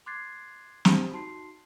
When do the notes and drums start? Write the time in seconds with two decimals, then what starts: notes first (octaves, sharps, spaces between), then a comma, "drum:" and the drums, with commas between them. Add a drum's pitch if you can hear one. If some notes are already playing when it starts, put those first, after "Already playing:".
0.06 C6 D6 F#6 G#6 A6 C7
0.85 G4 C5 G5 A5 B5 D#7, drum: snare
1.12 D#4 F#4 A5 C6 C7